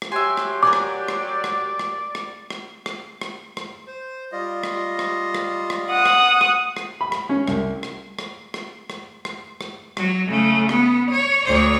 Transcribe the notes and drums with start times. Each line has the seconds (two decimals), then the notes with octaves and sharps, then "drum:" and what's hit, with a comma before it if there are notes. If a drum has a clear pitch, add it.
0.02 drum: rim click
0.12 F#3 G4 E5 G#5 C6
0.37 drum: rim click
0.63 A#4 D5 F#5 G#5 D6
0.73 drum: rim click
1.08 drum: rim click
1.44 drum: rim click
1.79 drum: rim click
2.15 drum: rim click
2.50 drum: rim click
2.86 drum: rim click
3.21 drum: rim click
3.57 drum: rim click
3.87 C5
4.32 G3 F4 D#5
4.63 drum: rim click
4.99 drum: rim click
5.35 drum: rim click
5.70 drum: rim click
5.91 F#5 D#6
6.06 drum: rim click
6.41 drum: rim click
6.77 drum: rim click
7.01 B5
7.12 drum: rim click
7.29 C#4
7.48 C2, drum: rim click
7.83 drum: rim click
8.19 drum: rim click
8.54 drum: rim click
8.90 drum: rim click
9.25 drum: rim click
9.61 drum: rim click
9.97 F#3, drum: rim click
10.28 C#3 A3
10.69 B3, drum: rim click
11.11 C#5
11.46 D2 C#5